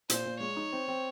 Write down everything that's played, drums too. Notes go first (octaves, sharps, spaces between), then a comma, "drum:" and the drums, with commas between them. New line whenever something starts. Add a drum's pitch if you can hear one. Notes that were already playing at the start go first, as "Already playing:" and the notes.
A#2 C5, drum: hi-hat
A#2
G#3 C#5
D#4
C4
C4